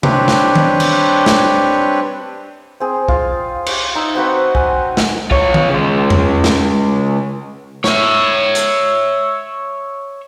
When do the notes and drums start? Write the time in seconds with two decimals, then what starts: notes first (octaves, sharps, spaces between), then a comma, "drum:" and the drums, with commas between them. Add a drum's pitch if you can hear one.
0.03 G3 C4 D4 G4 B4 C#5, drum: tom C3
0.28 drum: snare
0.55 drum: tom D#3
0.80 drum: cymbal
1.26 drum: snare
2.80 C4 G#4
3.08 F4, drum: kick
3.66 G4 C#5, drum: cymbal
3.95 D#4 E6
4.15 C4 F#4 B4 F#5
4.55 G#5, drum: kick
4.97 drum: snare
5.31 F4 C#5, drum: kick
5.54 drum: tom D#3
5.69 C#3 G#3
6.10 drum: tom E2
6.44 drum: snare
7.84 C#5 E5, drum: snare
8.55 drum: hi-hat